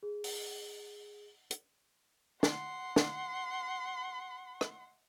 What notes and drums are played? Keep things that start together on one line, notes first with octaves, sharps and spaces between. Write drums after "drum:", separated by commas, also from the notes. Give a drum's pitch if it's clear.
G#4
drum: open hi-hat
drum: hi-hat
F#5 C6, drum: snare
drum: snare
drum: rim click